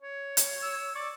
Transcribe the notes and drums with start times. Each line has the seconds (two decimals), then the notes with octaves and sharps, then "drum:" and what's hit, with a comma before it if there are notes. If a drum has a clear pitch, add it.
0.02 C#5
0.37 drum: hi-hat
0.62 E6
0.95 D5 C#6